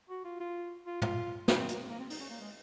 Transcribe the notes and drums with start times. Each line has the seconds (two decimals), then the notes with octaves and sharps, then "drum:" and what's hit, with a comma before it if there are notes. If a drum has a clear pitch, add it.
0.09 F#4
0.25 F4
0.40 F4
0.86 F4
1.02 F4, drum: tom
1.48 D#4, drum: snare
1.58 C4
1.69 A#3, drum: hi-hat
1.79 C4
1.89 A#3
1.99 C4
2.10 D#4, drum: open hi-hat
2.20 C#4
2.30 A#3
2.40 G#3